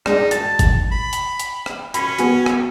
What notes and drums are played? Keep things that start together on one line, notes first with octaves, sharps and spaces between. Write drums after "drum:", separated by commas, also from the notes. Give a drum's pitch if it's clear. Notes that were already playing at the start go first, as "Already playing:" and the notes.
G#3 D4 D#4, drum: rim click
A5 A6, drum: hi-hat
drum: kick G1, hi-hat
B5
drum: hi-hat
drum: hi-hat
drum: rim click
C#4 B5 B6, drum: hi-hat
B3 F#4 G#5, drum: hi-hat
drum: rim click